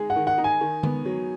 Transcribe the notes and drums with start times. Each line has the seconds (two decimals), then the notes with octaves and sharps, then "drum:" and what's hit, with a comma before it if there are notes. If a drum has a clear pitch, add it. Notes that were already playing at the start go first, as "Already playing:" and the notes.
Already playing: G#3 D#4 G#4
0.10 F#5
0.16 D#3
0.27 F#5
0.38 D#4
0.44 G#5
0.61 D#3
0.83 B3, drum: tom D3
1.05 F#3